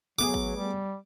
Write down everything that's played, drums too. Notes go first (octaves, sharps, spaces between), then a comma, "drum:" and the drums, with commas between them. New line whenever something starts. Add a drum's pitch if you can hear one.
F#3 A3 B3 G#4 D6
drum: kick G#1
G3